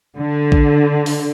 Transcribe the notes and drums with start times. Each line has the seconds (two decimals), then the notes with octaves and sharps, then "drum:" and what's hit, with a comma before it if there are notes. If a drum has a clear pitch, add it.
0.17 D3
0.52 drum: kick A1
1.06 drum: open hi-hat